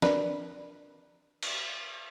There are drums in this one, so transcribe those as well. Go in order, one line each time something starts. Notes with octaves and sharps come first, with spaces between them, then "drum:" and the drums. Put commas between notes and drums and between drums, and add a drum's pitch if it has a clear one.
D4 A#4 B4, drum: snare
drum: cymbal